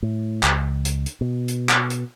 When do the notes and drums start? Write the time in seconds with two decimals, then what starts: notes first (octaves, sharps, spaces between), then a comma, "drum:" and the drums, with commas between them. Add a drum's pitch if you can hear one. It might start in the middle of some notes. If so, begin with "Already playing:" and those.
0.03 A2
0.43 C#2, drum: clap
0.85 drum: hi-hat
1.06 drum: hi-hat
1.21 B2
1.48 drum: hi-hat
1.69 drum: clap
1.90 drum: hi-hat